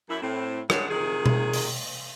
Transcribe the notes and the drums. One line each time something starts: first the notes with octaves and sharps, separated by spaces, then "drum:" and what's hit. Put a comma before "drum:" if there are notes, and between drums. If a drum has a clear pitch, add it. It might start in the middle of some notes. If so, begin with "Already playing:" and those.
F#2 E4
A2 C4
G2 G3 G#3 D4 C#5 F#5, drum: rim click
F2 C3 D#3 G#4
drum: tom B2
drum: open hi-hat